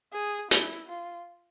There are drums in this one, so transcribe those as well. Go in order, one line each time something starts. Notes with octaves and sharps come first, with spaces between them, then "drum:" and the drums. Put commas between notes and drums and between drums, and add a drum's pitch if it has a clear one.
G#4
E4, drum: hi-hat
F4